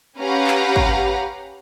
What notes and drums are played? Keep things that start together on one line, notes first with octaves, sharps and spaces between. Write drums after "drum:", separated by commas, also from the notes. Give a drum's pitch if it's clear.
C#4 G4 B4 F5 F#5 A#5
drum: clap
drum: kick G#1